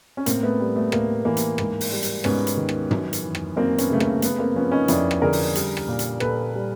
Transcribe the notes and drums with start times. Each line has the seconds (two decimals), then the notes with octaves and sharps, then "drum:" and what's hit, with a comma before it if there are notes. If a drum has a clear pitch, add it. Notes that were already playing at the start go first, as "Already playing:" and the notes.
0.17 C#4
0.26 A2 A#3 C4, drum: hi-hat
0.43 A3 B3
0.60 G3
0.76 A3 B3
0.92 A2 A#3, drum: rim click
1.25 E3 A#3
1.37 drum: hi-hat
1.58 G#2, drum: rim click
1.81 drum: open hi-hat
1.92 G3
2.03 drum: hi-hat
2.24 G#2 B3 C#4, drum: rim click
2.47 drum: hi-hat
2.57 D#3
2.69 drum: rim click
2.91 F#2, drum: tom
3.13 drum: hi-hat
3.23 E3
3.35 drum: rim click
3.56 F#2 A#3 C4
3.78 B3 C#4, drum: hi-hat
3.90 C#3 A3
4.00 A#3, drum: rim click
4.22 A3 B3, drum: hi-hat
4.39 A#3 C4
4.56 F3 B3 C#4
4.72 C#4 D#4
4.88 F2 D4 E4, drum: hi-hat
5.11 drum: rim click
5.22 D3 G#4 A#4
5.33 drum: open hi-hat
5.55 G3, drum: hi-hat
5.77 drum: rim click
5.88 A#2
5.99 drum: hi-hat
6.20 A#2 A4 B4, drum: rim click
6.54 G3